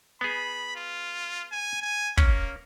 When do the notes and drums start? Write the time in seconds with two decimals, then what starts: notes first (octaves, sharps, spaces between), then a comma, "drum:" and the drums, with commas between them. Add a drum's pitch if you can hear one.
0.21 B3 G#4 B5
0.76 F4
1.52 G#5
1.82 G#5
2.17 A#3 C#4, drum: kick